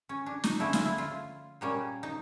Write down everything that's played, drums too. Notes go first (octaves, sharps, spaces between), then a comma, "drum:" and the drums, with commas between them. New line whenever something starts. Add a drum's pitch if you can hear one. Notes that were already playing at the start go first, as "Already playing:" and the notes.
C#4
D4
D#4, drum: snare
D3 F3 A3 C#4 E4
F4, drum: snare
E4
F4
A#2 G3 A#3 C#4
D#4